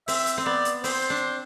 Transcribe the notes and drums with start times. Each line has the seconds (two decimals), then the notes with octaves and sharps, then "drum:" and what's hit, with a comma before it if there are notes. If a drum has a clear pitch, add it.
0.08 C4 E5, drum: open hi-hat
0.27 drum: hi-hat
0.38 C4
0.46 B3 D5
0.65 drum: hi-hat
0.84 C4 C5, drum: open hi-hat
1.10 D4